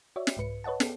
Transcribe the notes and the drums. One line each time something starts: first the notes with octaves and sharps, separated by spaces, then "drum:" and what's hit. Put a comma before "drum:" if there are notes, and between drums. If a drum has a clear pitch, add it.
F#4 C#5 D5 E5
drum: snare
C2 G#2 B4 C#7
B4 C#5 D#5 F#5 A5
B3 G#4 A4, drum: snare